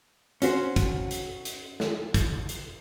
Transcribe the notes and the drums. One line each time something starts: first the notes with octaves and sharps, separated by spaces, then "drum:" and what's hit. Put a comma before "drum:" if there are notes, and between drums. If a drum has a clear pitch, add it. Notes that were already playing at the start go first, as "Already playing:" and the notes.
C#4 F#4 C5, drum: hi-hat
drum: kick, hi-hat
drum: hi-hat
drum: hi-hat
drum: snare
drum: kick, hi-hat
drum: hi-hat